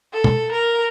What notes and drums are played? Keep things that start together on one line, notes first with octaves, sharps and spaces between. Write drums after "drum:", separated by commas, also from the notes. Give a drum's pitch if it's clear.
A4
drum: tom B2
A#4